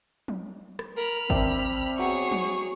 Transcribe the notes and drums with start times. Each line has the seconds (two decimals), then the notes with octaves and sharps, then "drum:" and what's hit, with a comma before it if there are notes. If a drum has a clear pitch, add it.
0.28 drum: tom F3
0.79 drum: rim click
0.97 A#4 B5 F6
1.30 C4 D4 E5 G5, drum: kick G#1
1.99 F#3 B3 G#4 C#5 C#6 D#6
2.31 drum: tom F3